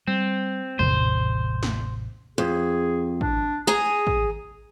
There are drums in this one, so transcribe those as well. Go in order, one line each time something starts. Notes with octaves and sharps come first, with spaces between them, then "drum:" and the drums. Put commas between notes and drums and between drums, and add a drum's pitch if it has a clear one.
G3 C4
A1 E2 C3 C5, drum: tom
drum: snare
F2 G#4
D4, drum: kick
G#4 G#5 A#5 D#6
drum: kick